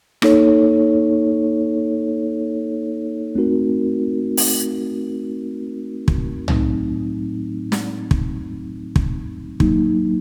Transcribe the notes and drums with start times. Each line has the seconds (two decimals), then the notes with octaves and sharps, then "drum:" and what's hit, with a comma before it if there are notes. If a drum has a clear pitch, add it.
0.22 A#3 D#4 A4 C#5, drum: rim click
3.35 A3 C4 D#4 F#4 A#4
4.37 drum: open hi-hat
6.08 drum: kick
6.48 A2 F#3 A3 C4 D#4, drum: tom
7.72 drum: snare
8.11 drum: kick
8.96 drum: kick
9.60 F#3 A#3 D#4, drum: kick